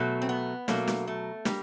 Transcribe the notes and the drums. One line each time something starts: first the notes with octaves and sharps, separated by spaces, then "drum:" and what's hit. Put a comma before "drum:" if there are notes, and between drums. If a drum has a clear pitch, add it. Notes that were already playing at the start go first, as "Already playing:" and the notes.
Already playing: B2 F#3 A3
C4
B3
B2 F#3 A3 A#3, drum: snare
drum: snare
A3
D#3 G3 A#3, drum: snare